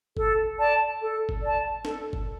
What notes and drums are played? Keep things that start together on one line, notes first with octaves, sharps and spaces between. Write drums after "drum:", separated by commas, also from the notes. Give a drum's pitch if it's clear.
A4, drum: kick G1
D5 A5
A4
drum: kick G1
D5 A5
A4, drum: snare
drum: kick G1